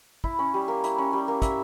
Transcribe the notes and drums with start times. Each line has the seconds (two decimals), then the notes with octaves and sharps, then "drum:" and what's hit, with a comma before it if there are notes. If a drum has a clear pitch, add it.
0.24 E4, drum: kick
0.39 C#4
0.54 G3
0.68 A#3
0.84 E4, drum: hi-hat
0.98 C#4
1.13 G3
1.28 A#3
1.42 E5, drum: kick, hi-hat